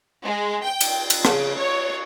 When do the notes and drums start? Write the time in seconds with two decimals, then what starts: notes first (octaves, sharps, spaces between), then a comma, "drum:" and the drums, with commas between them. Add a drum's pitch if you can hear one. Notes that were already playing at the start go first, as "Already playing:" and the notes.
0.24 G#3
0.64 G5
0.81 drum: cymbal
1.10 drum: cymbal
1.25 C#3, drum: rim click
1.59 C#5